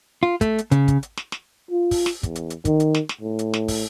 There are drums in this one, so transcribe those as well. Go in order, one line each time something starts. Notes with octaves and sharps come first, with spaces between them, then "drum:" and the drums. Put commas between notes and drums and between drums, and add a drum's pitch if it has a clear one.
F4
A3, drum: kick, hi-hat
drum: hi-hat
C#3, drum: hi-hat
drum: kick, hi-hat
drum: hi-hat
drum: snare
drum: snare
F4
drum: kick, open hi-hat
drum: snare
E2, drum: kick, hi-hat
drum: hi-hat
drum: hi-hat
D#3, drum: kick, hi-hat
drum: hi-hat
drum: snare
drum: snare
A2
drum: hi-hat
drum: snare
drum: kick, open hi-hat